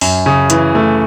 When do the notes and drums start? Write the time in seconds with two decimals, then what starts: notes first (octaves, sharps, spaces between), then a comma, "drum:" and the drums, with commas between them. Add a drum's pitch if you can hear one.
0.01 F#2, drum: open hi-hat
0.26 C#3
0.50 E3, drum: hi-hat
0.75 A3